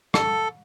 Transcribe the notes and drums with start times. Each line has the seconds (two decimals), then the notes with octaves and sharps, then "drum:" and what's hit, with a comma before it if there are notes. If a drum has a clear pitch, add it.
0.14 A4, drum: rim click